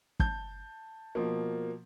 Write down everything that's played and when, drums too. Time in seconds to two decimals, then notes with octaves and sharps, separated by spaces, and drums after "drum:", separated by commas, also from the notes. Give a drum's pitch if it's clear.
0.20 A5 G6, drum: kick
1.15 B2 F3 A#3